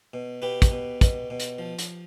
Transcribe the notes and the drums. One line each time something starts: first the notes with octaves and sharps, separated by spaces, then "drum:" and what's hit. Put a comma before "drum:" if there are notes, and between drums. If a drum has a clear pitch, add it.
B2
B2 G4 B4
drum: kick, hi-hat
B2
B2, drum: kick, hi-hat
B2
drum: hi-hat
F3
drum: hi-hat